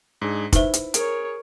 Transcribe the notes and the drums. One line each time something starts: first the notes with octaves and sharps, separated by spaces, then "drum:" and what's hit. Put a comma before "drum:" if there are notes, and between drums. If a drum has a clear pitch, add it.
G#2 D4 G#4
D#4 E4 B4 C5 E5, drum: kick, hi-hat
drum: hi-hat
G#4 A#4 C#5 D7, drum: hi-hat